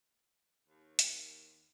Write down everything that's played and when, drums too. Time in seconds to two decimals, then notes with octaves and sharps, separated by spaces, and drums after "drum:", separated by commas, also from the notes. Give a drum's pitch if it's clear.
0.67 D#2
0.99 drum: hi-hat